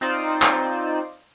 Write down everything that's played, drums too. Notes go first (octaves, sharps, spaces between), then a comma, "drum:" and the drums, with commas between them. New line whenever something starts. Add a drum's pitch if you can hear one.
C4 D#4 F4 C5 D5
drum: clap